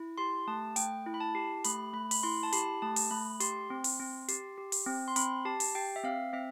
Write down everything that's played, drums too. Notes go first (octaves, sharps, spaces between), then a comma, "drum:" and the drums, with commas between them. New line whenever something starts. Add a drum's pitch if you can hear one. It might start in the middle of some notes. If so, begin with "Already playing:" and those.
Already playing: E4
G4 C6
A3 A5
A3 G5, drum: hi-hat
E4
B5
A5
G4
A3 B5, drum: hi-hat
A3 B5
B5, drum: open hi-hat
E4 C6
A5
G4 B5, drum: hi-hat
A3 A5
drum: open hi-hat
A3 B5
G4 C6, drum: hi-hat
C4
drum: open hi-hat
C4
G4, drum: hi-hat
G4
drum: open hi-hat
C4
C6
C4 B5, drum: hi-hat
G4 A5
drum: open hi-hat
G4 G5
E5
C4 F5
C4 E5